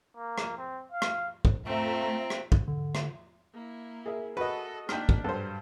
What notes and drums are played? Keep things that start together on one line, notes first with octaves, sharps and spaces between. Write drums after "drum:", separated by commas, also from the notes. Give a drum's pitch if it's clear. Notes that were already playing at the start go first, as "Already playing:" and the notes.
A#3
drum: rim click
C4
F5
drum: rim click
drum: kick
A3 C4 F4 E5 A#5
drum: rim click
drum: kick
D3
drum: rim click
A#3 E4
G#4 A#4 E5
F#4 A4 B4 D#5
A#3 D4 D#4 G5 F6 B6, drum: rim click
drum: kick
G2 F#3 A4 C5